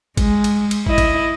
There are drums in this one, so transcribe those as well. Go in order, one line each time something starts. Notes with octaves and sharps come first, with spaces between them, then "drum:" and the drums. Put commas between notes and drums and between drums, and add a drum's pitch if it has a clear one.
G#3, drum: kick, cymbal
drum: cymbal
drum: cymbal
E4 D#5, drum: kick
drum: kick, cymbal